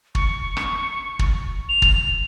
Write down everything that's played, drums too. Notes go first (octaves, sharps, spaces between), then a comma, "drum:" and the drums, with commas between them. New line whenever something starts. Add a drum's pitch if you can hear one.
C#6, drum: kick
drum: rim click
drum: kick
F7
drum: kick